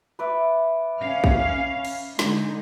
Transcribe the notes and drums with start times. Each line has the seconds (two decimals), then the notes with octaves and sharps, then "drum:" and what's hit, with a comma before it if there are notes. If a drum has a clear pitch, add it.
0.19 B4 D5 E5
1.03 C#4 F5
1.24 drum: kick
1.85 drum: cymbal
2.19 D3 G#3 D#4, drum: snare